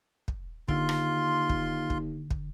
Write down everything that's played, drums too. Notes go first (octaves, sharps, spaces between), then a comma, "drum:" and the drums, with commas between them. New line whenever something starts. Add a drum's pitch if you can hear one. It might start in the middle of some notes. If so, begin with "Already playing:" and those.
drum: kick
D#2 D3 F4 C6, drum: kick
drum: rim click
drum: kick
drum: kick
drum: kick